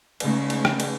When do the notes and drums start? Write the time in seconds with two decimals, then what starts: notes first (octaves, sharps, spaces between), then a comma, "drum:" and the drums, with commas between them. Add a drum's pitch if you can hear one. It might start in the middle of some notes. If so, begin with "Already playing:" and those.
0.20 C#3 G#3 A3 D#4, drum: cymbal
0.50 drum: cymbal
0.65 drum: rim click
0.80 drum: cymbal